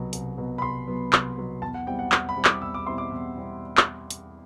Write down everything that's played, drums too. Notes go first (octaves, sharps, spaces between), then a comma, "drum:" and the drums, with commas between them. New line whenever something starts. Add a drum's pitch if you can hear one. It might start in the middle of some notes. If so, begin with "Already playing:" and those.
Already playing: C2 B2 F#3 B3
C2, drum: hi-hat
B2 F#3 B3
B5
C2 C6
B2 F#3 B3
C2, drum: clap
B2 F#3 B3
E2 A5
F#5
B2 G3 C4 E4 G5
F#5
E2, drum: clap
B5
B2 G3 C4 E4
D6, drum: clap
E2 E6
D6
B2 G3 C4 E4 C6
D6
E2
B2 G3 C4 E4
drum: clap
drum: hi-hat